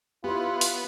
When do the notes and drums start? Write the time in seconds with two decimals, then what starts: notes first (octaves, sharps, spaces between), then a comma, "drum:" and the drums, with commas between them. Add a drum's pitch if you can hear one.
0.24 B3 E4 F4 G4 C#5 B5 C6
0.61 drum: open hi-hat